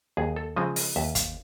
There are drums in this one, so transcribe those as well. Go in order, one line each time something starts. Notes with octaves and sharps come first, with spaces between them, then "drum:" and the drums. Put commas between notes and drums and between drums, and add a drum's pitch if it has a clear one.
D#2 G#4
A4
C#3 F3 G#3 C4 D#5
D#5, drum: open hi-hat
D#2 E5
F5, drum: kick, hi-hat